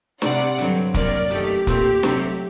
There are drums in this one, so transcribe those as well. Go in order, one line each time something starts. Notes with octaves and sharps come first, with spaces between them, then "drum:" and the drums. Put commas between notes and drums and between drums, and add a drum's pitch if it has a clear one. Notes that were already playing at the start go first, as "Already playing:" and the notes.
C3 G3 C4 D5 F#5, drum: snare
G2 D3 F#3 C4, drum: hi-hat
C3 F#3 A#3 A#4 D5, drum: kick, hi-hat
F#2 D#3 A3 G4, drum: hi-hat
A#2 A3 C4 G4, drum: kick, hi-hat
C3 F#3 A3 C4, drum: snare